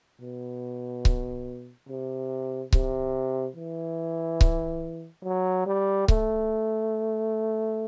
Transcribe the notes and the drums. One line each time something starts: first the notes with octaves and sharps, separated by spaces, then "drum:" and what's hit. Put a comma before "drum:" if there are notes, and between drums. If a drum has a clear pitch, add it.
B2
drum: kick C#1
C3
C3, drum: kick C#1
E3
drum: kick C#1
F#3
G3
A3, drum: kick C#1